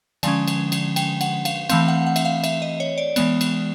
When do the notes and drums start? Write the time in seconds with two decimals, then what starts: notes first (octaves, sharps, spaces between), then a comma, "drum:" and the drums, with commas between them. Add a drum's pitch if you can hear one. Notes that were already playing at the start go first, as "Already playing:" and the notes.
0.23 D3 F3 G#3 C#4 G#5, drum: cymbal
0.48 drum: cymbal
0.72 drum: cymbal
0.96 G5, drum: cymbal
1.21 F#5, drum: cymbal
1.45 F5, drum: cymbal
1.69 E3 A3 C4 F5, drum: cymbal
1.88 F#5
2.07 F#5
2.16 E5, drum: cymbal
2.25 F5
2.44 E5, drum: cymbal
2.62 D#5
2.80 C#5
2.98 D5
3.16 E3 G#3 B3, drum: cymbal
3.41 drum: cymbal